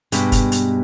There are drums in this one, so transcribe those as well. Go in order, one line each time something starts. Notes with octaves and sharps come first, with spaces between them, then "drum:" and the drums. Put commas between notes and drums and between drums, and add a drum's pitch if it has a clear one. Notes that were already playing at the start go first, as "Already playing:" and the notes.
G2 B2 G#3, drum: hi-hat
drum: kick, hi-hat
drum: hi-hat